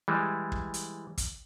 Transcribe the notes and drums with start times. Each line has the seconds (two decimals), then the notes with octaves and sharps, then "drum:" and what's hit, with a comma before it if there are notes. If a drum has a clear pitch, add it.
0.08 E3 G3 G#3
0.52 drum: kick
0.74 drum: hi-hat
1.18 drum: kick, hi-hat